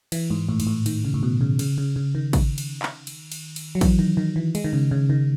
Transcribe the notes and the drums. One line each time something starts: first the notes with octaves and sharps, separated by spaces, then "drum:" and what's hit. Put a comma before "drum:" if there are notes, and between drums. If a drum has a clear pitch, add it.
E3, drum: cymbal
G#2
A2
G#2, drum: cymbal
A2
D#3, drum: cymbal
C#3
A2
B2
C#3
C#3, drum: cymbal
C#3
C#3
D#3
drum: kick, cymbal
drum: cymbal
drum: clap
drum: cymbal
drum: cymbal
drum: cymbal
F#3
E3, drum: kick, cymbal
D#3
D#3
E3
G#3, drum: cymbal
D#3
C#3
C#3
D#3